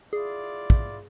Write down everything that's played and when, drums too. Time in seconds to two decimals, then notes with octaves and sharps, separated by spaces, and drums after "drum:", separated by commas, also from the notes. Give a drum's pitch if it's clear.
0.13 E4 F4 G#4 D5
0.70 drum: kick